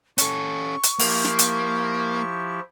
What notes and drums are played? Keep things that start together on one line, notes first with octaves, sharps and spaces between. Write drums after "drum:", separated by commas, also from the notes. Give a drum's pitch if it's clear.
C#4 A4 C#6, drum: hi-hat
drum: hi-hat
F3 A#3 E4 G4, drum: open hi-hat
drum: snare
drum: hi-hat